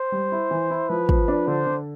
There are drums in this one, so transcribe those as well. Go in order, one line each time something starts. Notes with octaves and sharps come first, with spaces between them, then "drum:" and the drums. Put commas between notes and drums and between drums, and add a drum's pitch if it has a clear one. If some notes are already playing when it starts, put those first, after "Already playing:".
Already playing: C5
G3
E4
E3
E4
F3 B4
F3, drum: kick
D4
D3 C5
D3